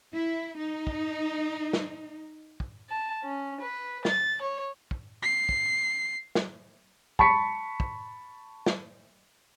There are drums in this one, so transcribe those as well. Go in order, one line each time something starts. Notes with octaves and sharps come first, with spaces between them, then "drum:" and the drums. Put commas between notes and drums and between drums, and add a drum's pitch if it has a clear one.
E4
D#4
drum: kick
drum: snare
drum: kick
A5
C#4
B4
A6, drum: snare
C#5
drum: kick
C7
drum: kick
drum: snare
A5 B5 C#6 B6 C#7, drum: kick
drum: kick
drum: snare